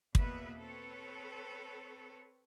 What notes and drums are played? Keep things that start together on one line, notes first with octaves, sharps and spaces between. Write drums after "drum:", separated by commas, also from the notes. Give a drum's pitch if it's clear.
E2 B2 A#3 B3 B4 E5, drum: kick
C4 A4 B4 C#5